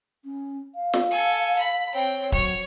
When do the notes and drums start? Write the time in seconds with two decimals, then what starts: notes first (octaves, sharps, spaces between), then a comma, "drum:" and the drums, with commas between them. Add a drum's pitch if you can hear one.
0.25 C#4
0.75 F5
0.93 drum: snare
1.11 A4 G#5
1.59 B5
1.93 C4 C#5 G5
2.32 F#3 C#5, drum: kick